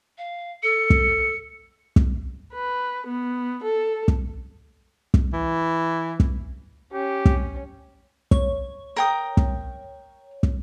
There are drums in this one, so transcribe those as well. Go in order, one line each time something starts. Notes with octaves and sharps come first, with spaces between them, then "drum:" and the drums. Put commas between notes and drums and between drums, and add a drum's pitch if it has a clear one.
F5
A4 C#7
drum: kick
drum: kick
B4
B3
A4
drum: kick
drum: kick
E3
drum: kick
C#4 G4
drum: kick
C#5, drum: kick
A#4 G5 D#6
drum: kick
drum: kick